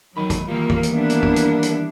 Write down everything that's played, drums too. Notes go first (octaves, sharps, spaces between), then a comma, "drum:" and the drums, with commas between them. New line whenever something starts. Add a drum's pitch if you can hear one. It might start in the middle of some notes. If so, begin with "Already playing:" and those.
E2 D#3 F#3 D#5 B5
drum: kick G#1, hi-hat
D#3 E3 G3 A#3 F4
drum: kick G#1
drum: hi-hat
A#3 B3 D4 E4
drum: hi-hat
drum: kick G#1
drum: hi-hat
drum: hi-hat